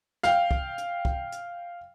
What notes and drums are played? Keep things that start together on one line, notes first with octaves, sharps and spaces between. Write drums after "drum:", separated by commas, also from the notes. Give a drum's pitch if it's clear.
F5 G5, drum: snare
drum: kick
drum: hi-hat
drum: kick
drum: hi-hat